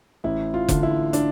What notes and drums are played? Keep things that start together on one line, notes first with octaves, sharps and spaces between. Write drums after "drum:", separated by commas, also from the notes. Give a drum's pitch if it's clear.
A1 E4
F4
D3, drum: kick F1, hi-hat
E4
D4, drum: hi-hat